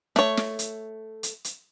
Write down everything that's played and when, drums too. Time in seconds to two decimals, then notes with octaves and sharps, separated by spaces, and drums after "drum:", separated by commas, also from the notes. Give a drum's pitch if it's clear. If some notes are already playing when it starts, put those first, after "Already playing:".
0.16 A3 C#5, drum: snare
0.37 drum: snare
0.59 drum: hi-hat
1.23 drum: hi-hat
1.44 drum: hi-hat